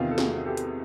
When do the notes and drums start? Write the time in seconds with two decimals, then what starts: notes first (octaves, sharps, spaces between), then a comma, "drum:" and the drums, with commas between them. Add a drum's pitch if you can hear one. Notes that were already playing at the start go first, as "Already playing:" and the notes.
Already playing: E2 C3 D#3 F4 G4
0.11 A4
0.18 F#4 G#4, drum: snare
0.46 G4 A4
0.57 drum: hi-hat